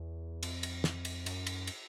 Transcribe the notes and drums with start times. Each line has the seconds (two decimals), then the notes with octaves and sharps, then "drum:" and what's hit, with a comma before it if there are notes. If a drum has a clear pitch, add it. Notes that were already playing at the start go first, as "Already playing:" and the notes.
Already playing: E2
0.43 F2, drum: cymbal
0.63 drum: cymbal
0.84 drum: snare
1.05 drum: cymbal
1.26 F#2, drum: cymbal
1.47 drum: cymbal
1.67 drum: cymbal